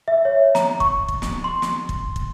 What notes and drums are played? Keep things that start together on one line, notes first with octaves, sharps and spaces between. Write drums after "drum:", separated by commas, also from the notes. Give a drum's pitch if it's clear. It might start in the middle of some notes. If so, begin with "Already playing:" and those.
E5
C#5
A#5, drum: snare
C#6, drum: kick
drum: kick
drum: snare
C6
drum: snare
drum: kick
drum: kick